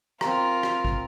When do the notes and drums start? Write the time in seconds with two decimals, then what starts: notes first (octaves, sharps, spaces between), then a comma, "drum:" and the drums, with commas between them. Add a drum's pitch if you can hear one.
0.21 C4 F4 A#4 A#5, drum: rim click
0.63 drum: rim click
0.85 drum: kick